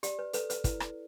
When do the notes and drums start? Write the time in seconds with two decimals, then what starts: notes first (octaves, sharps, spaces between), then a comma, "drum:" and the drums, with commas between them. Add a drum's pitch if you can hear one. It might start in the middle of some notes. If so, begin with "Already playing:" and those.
0.03 G4 D5, drum: hi-hat
0.19 B4
0.33 A4 B4, drum: hi-hat
0.50 B4, drum: hi-hat
0.64 E4 B4, drum: kick, hi-hat
0.80 drum: rim click